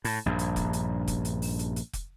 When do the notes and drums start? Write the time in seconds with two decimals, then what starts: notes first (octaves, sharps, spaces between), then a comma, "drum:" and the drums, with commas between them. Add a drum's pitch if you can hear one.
0.04 A2, drum: open hi-hat
0.26 A#1 G2
0.39 drum: hi-hat
0.56 drum: kick F1, hi-hat
0.73 drum: hi-hat
1.08 drum: kick F1, hi-hat
1.25 drum: hi-hat
1.42 drum: open hi-hat
1.59 drum: hi-hat
1.76 drum: hi-hat
1.93 drum: kick F1, hi-hat